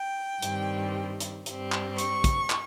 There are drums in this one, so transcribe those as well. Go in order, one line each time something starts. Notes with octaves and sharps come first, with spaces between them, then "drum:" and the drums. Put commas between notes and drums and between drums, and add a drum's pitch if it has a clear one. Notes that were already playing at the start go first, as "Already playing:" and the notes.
Already playing: G5
G2 D#3 G3 C4, drum: hi-hat
drum: hi-hat
G2 G3 C4, drum: hi-hat
drum: clap
C#6, drum: hi-hat
drum: kick, hi-hat
drum: clap